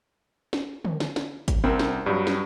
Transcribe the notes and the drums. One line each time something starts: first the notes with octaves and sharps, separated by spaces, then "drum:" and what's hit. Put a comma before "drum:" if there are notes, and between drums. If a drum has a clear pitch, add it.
drum: snare
drum: tom D3
drum: snare
drum: snare
drum: kick G#1, hi-hat
C2 C4 A#4
drum: snare
G2 F#3 G3
drum: snare